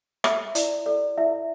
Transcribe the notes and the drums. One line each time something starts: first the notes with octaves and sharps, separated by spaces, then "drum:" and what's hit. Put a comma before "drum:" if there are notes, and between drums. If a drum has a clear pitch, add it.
A4 E5, drum: rim click
E4 D5, drum: hi-hat
A4 D5
E4 E5